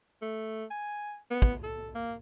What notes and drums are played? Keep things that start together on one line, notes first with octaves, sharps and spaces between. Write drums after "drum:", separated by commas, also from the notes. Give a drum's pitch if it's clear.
A3
G#5
B3
drum: kick
A4
A#3